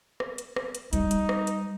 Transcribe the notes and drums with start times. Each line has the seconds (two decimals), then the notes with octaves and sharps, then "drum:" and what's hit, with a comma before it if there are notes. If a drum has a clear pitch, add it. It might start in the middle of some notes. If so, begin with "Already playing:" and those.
0.20 drum: rim click
0.38 drum: hi-hat
0.56 drum: rim click
0.75 drum: hi-hat
0.93 G3 D#4, drum: hi-hat
1.11 drum: hi-hat
1.29 drum: rim click
1.47 drum: hi-hat